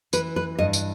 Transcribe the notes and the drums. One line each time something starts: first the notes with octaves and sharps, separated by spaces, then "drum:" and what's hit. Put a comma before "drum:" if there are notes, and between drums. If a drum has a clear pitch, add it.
E3 B4, drum: tambourine
B4
G2 D#5
drum: tambourine